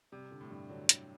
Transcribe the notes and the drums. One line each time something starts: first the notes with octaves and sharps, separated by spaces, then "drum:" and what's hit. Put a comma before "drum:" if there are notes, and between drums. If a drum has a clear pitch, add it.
C3 G3
D3
A2
G2
D3 F#3
D3, drum: hi-hat